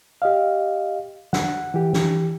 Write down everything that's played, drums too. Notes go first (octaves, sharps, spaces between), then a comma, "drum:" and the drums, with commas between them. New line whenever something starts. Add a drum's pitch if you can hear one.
G4 D#5 F5
F#5, drum: snare
E3 G4
drum: snare